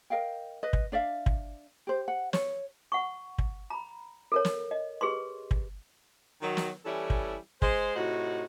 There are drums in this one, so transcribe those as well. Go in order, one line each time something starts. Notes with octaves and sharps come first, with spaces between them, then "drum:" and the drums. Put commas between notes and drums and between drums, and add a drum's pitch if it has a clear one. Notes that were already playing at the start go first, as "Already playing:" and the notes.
A#4 D#5 F5 G5
B4 D#5
drum: kick
D4 D5 E5 F5
drum: kick
G4 C5
F#5
C#5, drum: snare
F#5 C#6
drum: kick
A#5 B5
A4 A#4 C#5
drum: snare
D#5
G4 G#4 B4 C6
drum: kick
D#3 F#3
drum: snare
E3 G3 C#4 E4 A4
drum: kick
G#3 C5, drum: kick
A2 C3 D#4 F#4